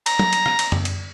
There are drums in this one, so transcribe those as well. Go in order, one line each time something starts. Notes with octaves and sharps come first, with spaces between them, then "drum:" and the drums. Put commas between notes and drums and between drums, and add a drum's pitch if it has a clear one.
A#5, drum: cymbal
drum: tom F#3
drum: cymbal
drum: rim click
drum: cymbal
drum: tom F#2
drum: cymbal